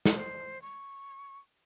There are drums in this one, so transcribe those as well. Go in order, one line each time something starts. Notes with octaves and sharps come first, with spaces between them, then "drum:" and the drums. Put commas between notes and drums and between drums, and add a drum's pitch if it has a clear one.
drum: snare
C5
C#6